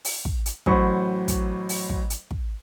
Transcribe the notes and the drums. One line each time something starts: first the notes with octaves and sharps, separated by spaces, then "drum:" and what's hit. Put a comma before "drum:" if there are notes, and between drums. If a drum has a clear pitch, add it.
drum: open hi-hat
drum: kick
drum: hi-hat
A1 F#3 C5 B5 C#6, drum: kick
drum: kick, hi-hat
drum: open hi-hat
drum: kick
drum: hi-hat
drum: kick